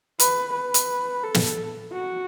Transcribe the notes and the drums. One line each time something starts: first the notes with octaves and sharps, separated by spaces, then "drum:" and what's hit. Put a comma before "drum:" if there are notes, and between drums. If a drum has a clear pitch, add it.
B4, drum: hi-hat
B4
drum: hi-hat
A4
drum: snare
F#4